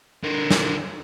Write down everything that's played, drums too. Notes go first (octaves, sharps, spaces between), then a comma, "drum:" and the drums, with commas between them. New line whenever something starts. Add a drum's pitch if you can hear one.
D3 A#4
drum: snare